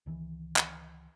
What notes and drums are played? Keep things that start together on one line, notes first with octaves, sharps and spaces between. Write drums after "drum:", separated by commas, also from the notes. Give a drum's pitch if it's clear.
C#2 D#3 E3
drum: clap